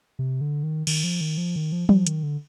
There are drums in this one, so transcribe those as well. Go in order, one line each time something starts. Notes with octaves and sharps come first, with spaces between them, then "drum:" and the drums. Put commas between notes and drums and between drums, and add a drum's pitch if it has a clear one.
C3
D3
D#3
D#3, drum: cymbal
F3
D#3
F3
D#3
F3
F3, drum: tom F#3
D#3, drum: hi-hat
D3